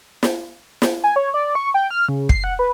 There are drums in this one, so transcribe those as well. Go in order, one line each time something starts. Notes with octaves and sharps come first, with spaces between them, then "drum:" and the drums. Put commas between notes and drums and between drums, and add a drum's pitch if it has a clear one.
drum: snare
drum: snare
G#5
C#5
D5
C#6
G5
F6
C#3
C7, drum: kick
F#5
B4